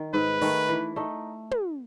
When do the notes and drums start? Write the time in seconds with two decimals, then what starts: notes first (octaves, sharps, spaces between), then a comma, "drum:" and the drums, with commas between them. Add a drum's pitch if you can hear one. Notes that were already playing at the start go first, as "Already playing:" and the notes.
Already playing: D#3
0.13 G#2 B4
0.41 D#3 A3, drum: open hi-hat
0.69 E3
0.96 A3 D#4
1.51 drum: tom